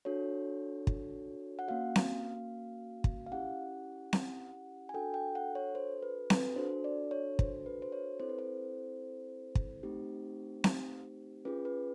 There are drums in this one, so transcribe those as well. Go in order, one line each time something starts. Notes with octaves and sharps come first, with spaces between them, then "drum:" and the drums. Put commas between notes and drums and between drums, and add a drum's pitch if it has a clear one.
D4 F#4 A4 C#5
drum: kick
F#5
A#3 C#4 F#4 F5
drum: snare C4
drum: kick
F5
C#4 E4 G4 F#5
drum: snare C4
G#5
D4 F#4 A4 G5
G5
F#5
C#5
C5
B4
B4, drum: snare C4
D4 F#4 A4 C5
D5
C#5
C5, drum: kick
B4
C5
C#5
C4 E4 A4 C5
B4
C5
drum: kick
A3 C4 D#4 G4
drum: snare C4
C#4 F4 G#4 B4
B4